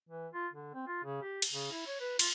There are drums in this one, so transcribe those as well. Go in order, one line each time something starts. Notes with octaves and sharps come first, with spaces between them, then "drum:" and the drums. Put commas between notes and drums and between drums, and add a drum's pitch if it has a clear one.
E3
F4
D3
C4
F4
C#3
G4
drum: cymbal
C#3
E4
C#5
B4
F4, drum: cymbal